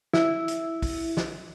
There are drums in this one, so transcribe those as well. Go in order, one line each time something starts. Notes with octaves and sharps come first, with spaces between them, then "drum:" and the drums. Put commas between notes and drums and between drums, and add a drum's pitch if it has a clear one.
E4, drum: snare
drum: hi-hat
drum: kick, open hi-hat
drum: snare